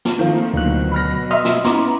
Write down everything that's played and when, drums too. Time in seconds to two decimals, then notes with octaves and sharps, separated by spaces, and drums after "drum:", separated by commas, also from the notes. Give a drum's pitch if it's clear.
0.05 drum: snare
0.19 D#3 F3 A3 A#3 C4 F4
0.54 D2 B2 F#3 F#6
0.92 B5 F6 A#6
1.31 D#5 E5 C6 F6
1.44 drum: snare
1.64 B3 C#4 E4 A#5 C6 D6, drum: snare